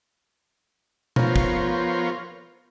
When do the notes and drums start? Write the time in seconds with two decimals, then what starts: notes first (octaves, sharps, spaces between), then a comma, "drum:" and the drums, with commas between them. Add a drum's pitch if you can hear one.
1.16 F3 B3 F4 A#4 C5 C#5, drum: tom B2
1.36 drum: kick